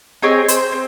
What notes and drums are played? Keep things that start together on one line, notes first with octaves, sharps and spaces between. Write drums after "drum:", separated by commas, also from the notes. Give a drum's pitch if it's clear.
C4 D#4 G#4 C#5
C5, drum: hi-hat
C4